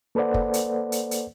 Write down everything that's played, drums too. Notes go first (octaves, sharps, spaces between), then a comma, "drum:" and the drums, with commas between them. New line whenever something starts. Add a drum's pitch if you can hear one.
A#3 A4 B4 C5 D5 F#5
drum: kick
drum: hi-hat
drum: hi-hat
drum: hi-hat